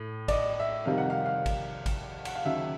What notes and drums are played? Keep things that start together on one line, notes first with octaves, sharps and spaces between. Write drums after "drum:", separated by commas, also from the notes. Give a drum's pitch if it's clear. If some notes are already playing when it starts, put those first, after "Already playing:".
Already playing: A2
D5, drum: kick, cymbal
D#5
E5
F2 C3 D#3 G3 F5
F#5
F5
F5
drum: kick, cymbal
drum: kick, cymbal
F#5, drum: cymbal
F5
D#2 C#3 F#3 E5